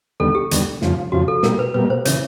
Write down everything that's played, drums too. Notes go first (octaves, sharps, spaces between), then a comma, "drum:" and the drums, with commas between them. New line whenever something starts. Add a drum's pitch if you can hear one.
D#2 D3 G3 B3 A4
G4
D#2 D3 G3 B3, drum: hi-hat
F2 C#3 F3, drum: snare
F2 C#3 F3 F#4
A4
B2 G3 A#3 A#4, drum: snare
B4
B2 G3 A#3 B4
C5
C#3 E3 C#5, drum: hi-hat